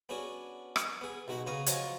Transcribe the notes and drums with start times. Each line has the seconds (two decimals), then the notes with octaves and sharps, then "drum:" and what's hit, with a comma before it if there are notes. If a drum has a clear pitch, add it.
0.09 B3 C#4 D4 F#4 G#4
0.76 drum: rim click
1.01 B3 G#4
1.28 B1 G#3 F#4 F#5 B5
1.47 C#3 B3 F5 A#5 C#6 D#6
1.66 F3 F#3 C#4 F4 C#5 D#5, drum: hi-hat